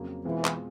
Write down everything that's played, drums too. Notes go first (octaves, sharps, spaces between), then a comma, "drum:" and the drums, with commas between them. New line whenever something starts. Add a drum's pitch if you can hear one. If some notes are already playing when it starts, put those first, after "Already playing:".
Already playing: F2 C#3 F#3 A#3
B2 E3 G#3 C4 F4
drum: clap